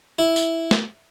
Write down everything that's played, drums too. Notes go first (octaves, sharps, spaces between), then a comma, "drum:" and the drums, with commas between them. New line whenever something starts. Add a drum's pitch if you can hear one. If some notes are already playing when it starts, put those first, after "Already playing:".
E4
drum: tambourine
drum: snare